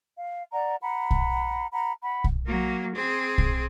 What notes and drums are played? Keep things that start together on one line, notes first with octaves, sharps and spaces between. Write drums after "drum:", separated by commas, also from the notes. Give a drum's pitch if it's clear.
F5
D5 F#5 A#5
F#5 A#5 B5
drum: kick
F#5 A#5 B5
F#5 B5
drum: kick
F#3 A#3
C4 G#4
drum: kick